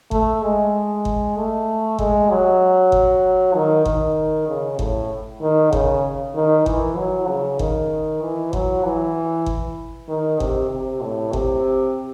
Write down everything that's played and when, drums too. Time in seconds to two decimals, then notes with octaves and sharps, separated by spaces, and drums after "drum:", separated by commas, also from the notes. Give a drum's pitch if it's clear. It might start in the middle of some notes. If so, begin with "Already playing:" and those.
0.11 A3, drum: kick G1
0.43 G#3
1.05 drum: kick G1
1.37 A3
1.99 G#3, drum: kick G1
2.30 F#3
2.92 drum: kick G1
3.54 D#3
3.86 D#3, drum: kick G1
4.48 C#3
4.79 A2, drum: kick G1
5.42 D#3
5.73 C#3, drum: kick G1
6.35 D#3
6.66 E3, drum: kick G1
6.97 F#3
7.28 C#3
7.59 D#3, drum: kick G1
8.22 E3
8.53 F#3, drum: kick G1
8.84 E3
9.46 drum: kick G1
10.09 D#3
10.40 C3, drum: kick G1
10.71 C3
11.02 A2
11.33 C3, drum: kick G1